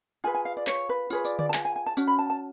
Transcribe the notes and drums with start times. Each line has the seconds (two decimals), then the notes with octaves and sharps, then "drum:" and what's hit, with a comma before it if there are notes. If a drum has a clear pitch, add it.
0.24 F4 G#4 B4 G#5
0.34 G#5
0.45 F5
0.57 D5
0.67 C#5, drum: clap
0.89 B4
1.10 F4 G#4 B4 C#5, drum: tambourine
1.25 D5, drum: tambourine
1.39 D5, drum: tom D3
1.49 A5
1.54 G#5, drum: clap
1.65 G#5
1.76 G#5
1.86 A5
1.97 C#4 F#4, drum: tambourine
2.07 B5
2.19 A5
2.30 A5